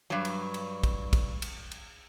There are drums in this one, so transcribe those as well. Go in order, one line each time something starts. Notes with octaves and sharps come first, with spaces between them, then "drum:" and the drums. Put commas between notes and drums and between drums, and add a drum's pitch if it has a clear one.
G2 F#3
drum: cymbal
drum: cymbal
drum: kick, cymbal
drum: kick, cymbal
drum: cymbal
drum: cymbal